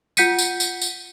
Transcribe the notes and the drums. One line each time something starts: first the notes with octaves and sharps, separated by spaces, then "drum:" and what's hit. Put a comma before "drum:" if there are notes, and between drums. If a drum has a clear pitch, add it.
F4 F#5 G6 B6 C#7 D#7, drum: tambourine
drum: tambourine
drum: tambourine
drum: tambourine